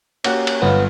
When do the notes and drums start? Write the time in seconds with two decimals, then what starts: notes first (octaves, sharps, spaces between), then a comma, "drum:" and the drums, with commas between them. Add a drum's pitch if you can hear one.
0.24 A#3 C#4 F#4 G4, drum: cymbal
0.47 drum: cymbal
0.62 G1 B3 F5